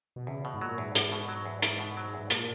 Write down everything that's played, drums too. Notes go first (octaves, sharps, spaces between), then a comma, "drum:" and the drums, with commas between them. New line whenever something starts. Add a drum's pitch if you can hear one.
B2
E2 C#3
B2
G#2
A#2 F#3
E2 G#2
E2, drum: hi-hat
B2
F#3
E2
E2, drum: hi-hat
B2
F#3
E2
G#2
A#2, drum: hi-hat